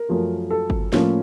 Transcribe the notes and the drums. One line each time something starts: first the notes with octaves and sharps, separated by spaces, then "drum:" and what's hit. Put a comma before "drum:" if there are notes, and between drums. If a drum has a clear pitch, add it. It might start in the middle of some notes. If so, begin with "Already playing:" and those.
Already playing: A#4
F#2 F3 A3
A4
drum: kick G1
A2 F3 A#3 C#4, drum: snare